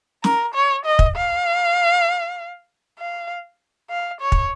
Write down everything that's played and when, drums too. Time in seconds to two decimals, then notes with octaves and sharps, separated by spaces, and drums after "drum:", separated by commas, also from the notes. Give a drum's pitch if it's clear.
0.24 A#4, drum: snare
0.55 C#5
0.85 D#5
0.99 drum: kick
1.16 F5
2.99 F5
3.90 F5
4.21 C#5
4.32 drum: kick